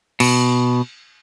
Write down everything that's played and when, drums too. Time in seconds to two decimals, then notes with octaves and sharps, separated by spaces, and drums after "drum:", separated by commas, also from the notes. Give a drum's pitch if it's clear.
0.20 B2, drum: cymbal